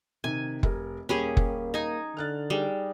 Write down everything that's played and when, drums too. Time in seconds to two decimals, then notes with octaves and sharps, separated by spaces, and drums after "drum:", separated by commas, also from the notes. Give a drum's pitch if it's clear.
0.24 C3 D#3 G#5
0.63 F1 A#4, drum: kick
1.09 D#1 A#3 C#4 G4 G#4 B5
1.37 drum: kick
1.74 D#4 G#5
2.17 D3 F6 F#6 A6
2.50 G3 D#4 G#4